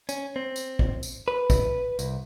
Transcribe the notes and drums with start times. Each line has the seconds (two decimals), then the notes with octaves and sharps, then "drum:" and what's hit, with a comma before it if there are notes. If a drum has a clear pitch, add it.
0.09 C#4, drum: tambourine
0.36 C4
0.56 drum: tambourine
0.79 drum: kick
1.03 drum: tambourine
1.28 B4
1.50 drum: kick, tambourine
1.99 C2, drum: tambourine